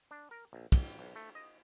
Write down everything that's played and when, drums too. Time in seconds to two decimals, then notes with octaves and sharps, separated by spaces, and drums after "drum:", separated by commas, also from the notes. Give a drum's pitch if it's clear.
0.11 D4
0.31 A#4
0.53 A#1
0.72 A1, drum: kick, cymbal
0.99 B1
1.16 A3
1.35 D#5